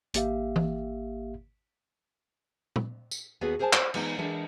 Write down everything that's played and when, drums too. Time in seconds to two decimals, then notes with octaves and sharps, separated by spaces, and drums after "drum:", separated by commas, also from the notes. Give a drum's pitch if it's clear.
0.14 G#1 A#3 G4 E5 F5, drum: hi-hat
0.56 drum: tom E3
2.76 drum: tom A#2
3.11 drum: tambourine
3.41 D#2 B3 F#4 G#4 A4 B4
3.59 G#4 A#4 C5 F#5 G#5 A5
3.73 C5 D5, drum: clap
3.94 E3 G#3 B3 D#4, drum: cymbal
4.18 E3 G#3 D4 A4 A#4